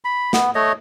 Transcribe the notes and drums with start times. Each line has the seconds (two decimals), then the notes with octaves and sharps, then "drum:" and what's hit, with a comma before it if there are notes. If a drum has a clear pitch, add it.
0.05 B5
0.33 B3, drum: snare
0.55 A3 C#5 D#5